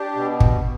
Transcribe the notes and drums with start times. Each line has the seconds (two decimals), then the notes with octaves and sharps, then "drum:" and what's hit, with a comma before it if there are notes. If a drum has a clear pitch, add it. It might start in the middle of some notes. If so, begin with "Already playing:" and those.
Already playing: D4 G4
0.16 B2
0.40 drum: kick